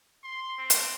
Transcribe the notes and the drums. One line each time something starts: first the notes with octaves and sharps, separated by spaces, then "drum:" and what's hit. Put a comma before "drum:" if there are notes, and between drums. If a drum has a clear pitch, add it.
C6
C4
drum: hi-hat